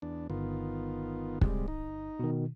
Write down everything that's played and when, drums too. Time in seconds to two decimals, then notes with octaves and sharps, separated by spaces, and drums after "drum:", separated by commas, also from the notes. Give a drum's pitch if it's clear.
0.02 E2 D4
0.30 G1 D#3 B3 F4
1.41 C3 G3 G#3, drum: kick
1.68 D#4
2.19 B2 D#3